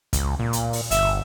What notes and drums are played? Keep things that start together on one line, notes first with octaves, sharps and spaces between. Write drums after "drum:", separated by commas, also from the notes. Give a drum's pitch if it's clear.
C#2, drum: kick, hi-hat
A#2
drum: hi-hat
drum: open hi-hat
G1 E5, drum: hi-hat